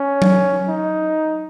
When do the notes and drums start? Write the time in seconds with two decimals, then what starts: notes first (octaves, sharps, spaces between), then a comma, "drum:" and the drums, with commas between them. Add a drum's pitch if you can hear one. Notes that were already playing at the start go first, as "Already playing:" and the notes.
Already playing: C#4
0.22 drum: tom F#3
0.68 D#4